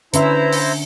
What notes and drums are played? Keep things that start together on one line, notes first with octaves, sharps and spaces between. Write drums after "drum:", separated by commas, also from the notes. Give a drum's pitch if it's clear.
D3 C#4 E4 B4 C5 E5 A#5, drum: hi-hat
drum: open hi-hat